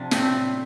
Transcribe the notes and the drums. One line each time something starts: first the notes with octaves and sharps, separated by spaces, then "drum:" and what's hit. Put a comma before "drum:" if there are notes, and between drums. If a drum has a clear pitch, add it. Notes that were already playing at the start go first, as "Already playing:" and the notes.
Already playing: C3 F3 D4
A2 A3 C4, drum: snare